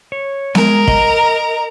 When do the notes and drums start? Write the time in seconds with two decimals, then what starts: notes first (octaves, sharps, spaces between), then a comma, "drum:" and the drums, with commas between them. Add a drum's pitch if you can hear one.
0.12 C#5
0.55 G#3 A#4 A#5, drum: snare B3
0.88 D#5, drum: kick